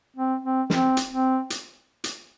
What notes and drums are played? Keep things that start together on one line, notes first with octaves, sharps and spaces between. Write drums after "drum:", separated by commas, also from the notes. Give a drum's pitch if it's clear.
C4
C4
C4, drum: snare
drum: hi-hat
C4
drum: hi-hat
drum: hi-hat